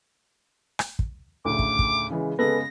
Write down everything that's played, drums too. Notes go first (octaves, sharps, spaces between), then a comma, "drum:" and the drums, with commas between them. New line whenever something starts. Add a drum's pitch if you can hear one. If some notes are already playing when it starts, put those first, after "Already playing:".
drum: rim click
drum: kick
D2 A2 C#3 D6
drum: kick
drum: kick
C#3 E3 G#3
C#3 G#3 B3 A4 B4 A#6